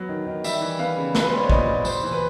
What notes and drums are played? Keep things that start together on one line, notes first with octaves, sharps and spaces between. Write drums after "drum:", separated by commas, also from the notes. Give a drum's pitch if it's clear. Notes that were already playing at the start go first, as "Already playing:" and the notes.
Already playing: F#3 B3 C#5
D#3
D#3
G3 E5, drum: tambourine
E3
B3 F5
C#3
B3, drum: snare
B4
C5
G3 C#5
D5
A#2 D#5, drum: kick
A#2
G3 C5, drum: tambourine
E3
B4